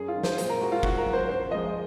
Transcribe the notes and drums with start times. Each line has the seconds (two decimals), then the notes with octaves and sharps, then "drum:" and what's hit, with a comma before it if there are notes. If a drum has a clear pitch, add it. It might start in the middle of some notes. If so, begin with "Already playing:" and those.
Already playing: F#2 G#4
0.08 F4
0.15 D#3 G#3
0.23 C5, drum: snare
0.38 A#2 C5, drum: hi-hat
0.49 A#4
0.61 G#3 F#4
0.72 F4
0.83 G#2 F#4, drum: kick
0.98 A#4
1.06 F#3
1.13 C5
1.28 F#2 C5
1.51 F3 G#3 D#5